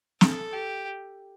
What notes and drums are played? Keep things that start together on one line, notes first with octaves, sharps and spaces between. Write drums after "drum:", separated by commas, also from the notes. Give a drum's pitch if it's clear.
A4, drum: snare
G4